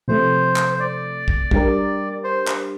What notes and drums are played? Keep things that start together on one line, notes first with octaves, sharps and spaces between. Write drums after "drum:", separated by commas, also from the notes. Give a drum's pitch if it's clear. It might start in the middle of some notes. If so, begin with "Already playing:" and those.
C3 F3 A3 C5
drum: clap
C5
D5
drum: kick
G3 D4 G4 A#4, drum: kick
C5
drum: clap